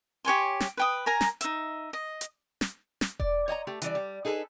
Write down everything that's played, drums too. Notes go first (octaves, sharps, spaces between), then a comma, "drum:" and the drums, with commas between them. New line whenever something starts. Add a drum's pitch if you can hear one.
G4 C#5 G#5 C6
drum: snare
B4 G5 D#6
A#4 G#5 A#5
drum: snare
D#4 E5, drum: hi-hat
D#5
drum: hi-hat
drum: snare
drum: snare
D5, drum: kick E1
C#5 D#5 G#5 A#5
A3 G4
E3 G3 D5, drum: hi-hat
G3
D#4 G#4 A4 B4